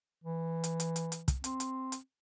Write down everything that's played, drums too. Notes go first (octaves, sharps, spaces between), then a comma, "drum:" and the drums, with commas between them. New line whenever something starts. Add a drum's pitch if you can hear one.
E3
drum: hi-hat
drum: hi-hat
drum: hi-hat
drum: hi-hat
drum: kick, hi-hat
C4, drum: hi-hat
drum: hi-hat
drum: hi-hat